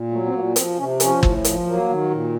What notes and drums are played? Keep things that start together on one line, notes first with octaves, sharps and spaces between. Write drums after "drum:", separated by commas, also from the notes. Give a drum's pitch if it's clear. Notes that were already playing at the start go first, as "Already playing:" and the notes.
Already playing: A#2
F#3 A3
C4
A#2 A#3
F3 C4, drum: hi-hat
C3 C#4
F3 C#4, drum: hi-hat
A2, drum: kick
F3, drum: hi-hat
F#3 A#3
D#3
A#2